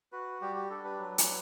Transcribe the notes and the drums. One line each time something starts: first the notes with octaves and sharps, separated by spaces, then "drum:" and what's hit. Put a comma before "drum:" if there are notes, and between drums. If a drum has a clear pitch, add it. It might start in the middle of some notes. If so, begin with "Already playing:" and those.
F#4 B4
G3 G4
G4
D4 A4
B4
F#3
drum: hi-hat